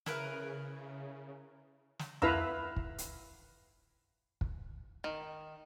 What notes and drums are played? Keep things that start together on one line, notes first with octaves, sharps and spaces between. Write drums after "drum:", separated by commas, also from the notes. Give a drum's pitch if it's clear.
C#3 E4 A#4 B4, drum: snare
drum: snare
E4 B4 E5 F5 A#5 E6, drum: tom F2
drum: kick
drum: hi-hat
drum: kick
D#3